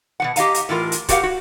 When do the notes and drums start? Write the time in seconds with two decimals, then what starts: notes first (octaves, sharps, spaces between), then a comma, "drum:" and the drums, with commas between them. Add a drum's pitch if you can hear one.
0.20 B2 F3 F#5
0.36 G4 D#5 F5 A#5, drum: hi-hat
0.54 drum: hi-hat
0.69 A2 E3 F4 A#4
0.92 drum: hi-hat
1.09 F#4 G4 A#4 D#5 F5 F#5, drum: kick, hi-hat
1.23 F#4